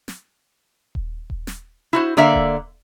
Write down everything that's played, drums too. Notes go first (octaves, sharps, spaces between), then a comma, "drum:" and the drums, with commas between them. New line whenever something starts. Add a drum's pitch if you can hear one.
drum: snare
drum: kick D#1
drum: kick D#1
drum: snare
E4 F#4 C5
D3 A#3 D5 E5 F5
drum: kick D#1